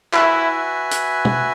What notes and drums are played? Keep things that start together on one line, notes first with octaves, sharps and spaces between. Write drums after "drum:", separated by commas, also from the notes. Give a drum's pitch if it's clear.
E4 F#4 B4 E5 G#5, drum: clap
drum: hi-hat
drum: tom